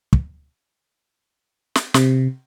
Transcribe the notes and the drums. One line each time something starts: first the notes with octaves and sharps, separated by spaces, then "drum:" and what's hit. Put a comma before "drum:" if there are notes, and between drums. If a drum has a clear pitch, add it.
drum: kick
drum: snare
C3, drum: snare